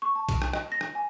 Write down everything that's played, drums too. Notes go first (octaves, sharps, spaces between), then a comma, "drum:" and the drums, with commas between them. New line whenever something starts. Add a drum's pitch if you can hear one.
C#6
A5
drum: kick B1, cymbal
drum: rim click
D#5, drum: rim click
A#6
drum: rim click
G#5